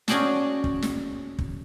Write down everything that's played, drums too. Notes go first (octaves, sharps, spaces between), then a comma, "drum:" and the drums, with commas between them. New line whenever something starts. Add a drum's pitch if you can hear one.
C#4 F#4 G#4 D5 G5 A5, drum: snare
drum: kick
drum: snare
drum: kick